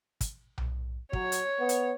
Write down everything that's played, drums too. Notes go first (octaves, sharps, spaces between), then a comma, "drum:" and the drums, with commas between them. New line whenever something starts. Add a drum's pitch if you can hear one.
drum: kick, hi-hat
drum: tom B1
F#3 C#5, drum: kick
drum: hi-hat
B3
drum: hi-hat